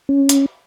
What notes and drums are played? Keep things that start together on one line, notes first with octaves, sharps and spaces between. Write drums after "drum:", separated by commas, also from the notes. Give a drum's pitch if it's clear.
C#4
drum: hi-hat